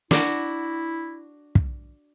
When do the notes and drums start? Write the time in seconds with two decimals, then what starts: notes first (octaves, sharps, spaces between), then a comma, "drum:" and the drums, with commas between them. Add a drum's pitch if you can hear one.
0.11 D4 E4 F#4, drum: snare
1.55 drum: kick